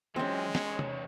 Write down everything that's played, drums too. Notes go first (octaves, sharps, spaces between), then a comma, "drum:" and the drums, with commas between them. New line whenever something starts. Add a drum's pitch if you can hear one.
E3 F#3 G#3 C4 C#4
E2 C#5, drum: snare
drum: tom C3